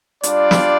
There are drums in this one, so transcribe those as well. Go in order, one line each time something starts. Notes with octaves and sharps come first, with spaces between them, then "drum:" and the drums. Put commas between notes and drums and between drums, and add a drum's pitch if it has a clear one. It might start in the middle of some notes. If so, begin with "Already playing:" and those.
G3 D4 F4 D5, drum: hi-hat
drum: snare